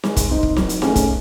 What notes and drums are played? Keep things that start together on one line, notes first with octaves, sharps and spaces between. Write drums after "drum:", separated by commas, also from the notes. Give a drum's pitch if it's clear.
G#3, drum: snare
drum: kick, hi-hat
C4 D#4
drum: kick
F#3, drum: snare
drum: hi-hat
A3 C#4 G#4, drum: snare
drum: kick, hi-hat